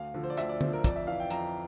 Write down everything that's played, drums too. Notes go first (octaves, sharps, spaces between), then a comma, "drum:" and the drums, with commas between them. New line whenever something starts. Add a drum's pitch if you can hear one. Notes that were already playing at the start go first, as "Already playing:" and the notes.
Already playing: D2 F5
D3 F3
C5
D5
D2 E5, drum: hi-hat
D5
D3 F3 C5, drum: tom
A#4
F2 D5, drum: kick, hi-hat
E5
E3 F5
G5
F2 A#5, drum: hi-hat